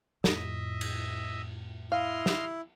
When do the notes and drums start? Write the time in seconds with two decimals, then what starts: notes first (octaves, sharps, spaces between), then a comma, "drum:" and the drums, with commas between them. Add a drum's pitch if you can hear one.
0.24 F2 A2 D#5 E5, drum: snare
0.81 drum: cymbal
1.92 E4 D#5 F5 C6 F6
2.26 drum: snare